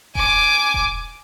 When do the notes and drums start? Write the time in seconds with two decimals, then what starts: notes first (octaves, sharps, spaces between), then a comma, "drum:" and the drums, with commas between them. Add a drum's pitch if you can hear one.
0.15 G#5 D6, drum: kick E1
0.74 drum: kick E1